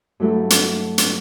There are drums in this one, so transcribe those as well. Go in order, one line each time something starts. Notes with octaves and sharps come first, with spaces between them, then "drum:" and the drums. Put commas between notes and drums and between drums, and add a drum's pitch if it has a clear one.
G2 F#3 A3 E4 A4
drum: hi-hat
drum: hi-hat